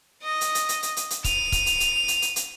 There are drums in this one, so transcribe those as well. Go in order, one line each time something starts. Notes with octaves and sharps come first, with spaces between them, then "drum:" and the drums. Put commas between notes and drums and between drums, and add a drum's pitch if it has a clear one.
D#5 A#6
drum: hi-hat
drum: hi-hat
drum: hi-hat
drum: hi-hat
drum: hi-hat
drum: hi-hat
D#7 F7, drum: kick, hi-hat
drum: kick, hi-hat
drum: hi-hat
drum: hi-hat
drum: hi-hat
drum: hi-hat
drum: hi-hat